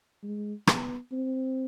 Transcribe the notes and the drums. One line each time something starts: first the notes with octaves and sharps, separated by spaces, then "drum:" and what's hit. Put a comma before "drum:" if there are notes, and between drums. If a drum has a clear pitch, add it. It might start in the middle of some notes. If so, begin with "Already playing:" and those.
G#3
B3, drum: rim click
C4